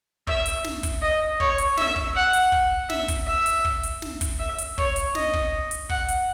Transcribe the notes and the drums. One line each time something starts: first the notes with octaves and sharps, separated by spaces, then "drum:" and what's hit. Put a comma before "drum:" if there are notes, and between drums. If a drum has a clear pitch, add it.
E5, drum: kick
drum: hi-hat
drum: snare
drum: kick, hi-hat
D#5
C#5, drum: kick
drum: hi-hat
E5, drum: snare
drum: kick
F#5
drum: hi-hat
drum: kick
E5, drum: snare
drum: kick, hi-hat
E5
drum: hi-hat
drum: kick
drum: hi-hat
drum: snare
drum: kick, hi-hat
E5
drum: hi-hat
C#5, drum: kick
drum: hi-hat
D#5, drum: snare
drum: kick
drum: hi-hat
F#5, drum: kick
drum: hi-hat